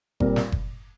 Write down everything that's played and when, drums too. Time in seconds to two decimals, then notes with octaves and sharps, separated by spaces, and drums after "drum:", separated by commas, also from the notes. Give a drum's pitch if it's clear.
0.20 A#2 G3 C4 F4 A#4, drum: kick F#1
0.36 drum: snare
0.52 drum: kick F#1